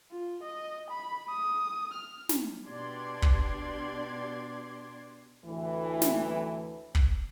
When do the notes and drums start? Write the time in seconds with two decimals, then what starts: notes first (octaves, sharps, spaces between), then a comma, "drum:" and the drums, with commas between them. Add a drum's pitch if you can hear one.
0.11 F4
0.43 D#5
0.91 B5
1.29 D#6
1.94 F6
2.29 drum: snare
2.68 B2 D4 G4 D5 C6 G#6
3.22 drum: kick
5.44 D2 A2 E3
6.02 drum: snare
6.95 drum: kick